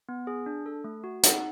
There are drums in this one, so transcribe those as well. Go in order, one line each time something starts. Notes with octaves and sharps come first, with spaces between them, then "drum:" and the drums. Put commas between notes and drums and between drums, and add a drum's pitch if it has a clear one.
B3
G#4
D4
A4
A3
F#4
D#4 F#5, drum: hi-hat